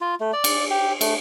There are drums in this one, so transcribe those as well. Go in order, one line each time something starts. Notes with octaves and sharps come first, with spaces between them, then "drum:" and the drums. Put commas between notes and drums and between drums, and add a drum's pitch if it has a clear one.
F4
A3
D5
drum: cymbal
G4
A3, drum: cymbal